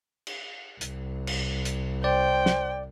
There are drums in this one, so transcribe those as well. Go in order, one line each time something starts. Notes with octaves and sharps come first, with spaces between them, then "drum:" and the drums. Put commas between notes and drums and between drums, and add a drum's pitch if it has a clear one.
drum: cymbal
C2, drum: hi-hat
drum: cymbal
drum: hi-hat
C5 D5 G5
drum: snare